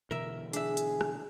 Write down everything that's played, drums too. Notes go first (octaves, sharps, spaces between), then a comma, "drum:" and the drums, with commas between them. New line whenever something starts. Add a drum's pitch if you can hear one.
B2 D3 E3 A#4 E5
D4 G#4 E5, drum: hi-hat
drum: hi-hat
drum: rim click